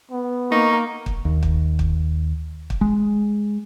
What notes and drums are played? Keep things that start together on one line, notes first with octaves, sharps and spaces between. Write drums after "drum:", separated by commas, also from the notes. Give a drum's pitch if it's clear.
B3
A#3 D#4 C#6
drum: kick
D#2
drum: kick
drum: kick
drum: kick
G#3